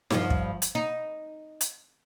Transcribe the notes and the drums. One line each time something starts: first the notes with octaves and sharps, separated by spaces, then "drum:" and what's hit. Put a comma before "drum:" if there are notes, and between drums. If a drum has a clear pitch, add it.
G2 F3, drum: snare D#4
drum: kick
drum: hi-hat
D#4
drum: hi-hat